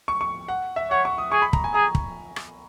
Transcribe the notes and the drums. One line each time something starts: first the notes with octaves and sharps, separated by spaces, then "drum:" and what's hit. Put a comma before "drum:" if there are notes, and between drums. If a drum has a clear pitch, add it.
C#6
C#6
F#5
E5
C#5 F#5
C#6
D#6
G#4 C#6
B5
A#5, drum: kick
G#5
G#4 A#5
drum: kick
drum: rim click